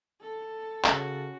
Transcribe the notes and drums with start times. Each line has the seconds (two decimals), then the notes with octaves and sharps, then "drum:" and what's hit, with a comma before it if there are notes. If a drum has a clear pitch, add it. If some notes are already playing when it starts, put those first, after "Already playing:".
0.22 A4
0.85 C#3 C#4 F#4, drum: clap